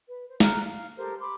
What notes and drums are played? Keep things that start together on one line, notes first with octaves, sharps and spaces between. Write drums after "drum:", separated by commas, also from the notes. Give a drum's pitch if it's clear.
B4
C5
F#5 A#5 F6 F#6, drum: snare
F5
G4 A4 A#4 C5
B5 C6 D6